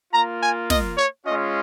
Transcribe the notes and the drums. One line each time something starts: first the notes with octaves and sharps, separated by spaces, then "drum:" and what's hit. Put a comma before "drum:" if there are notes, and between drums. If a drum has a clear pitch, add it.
A#3 F4 A#5
G#5
D#5, drum: snare
C#5
G#3 C#4 F4 D#5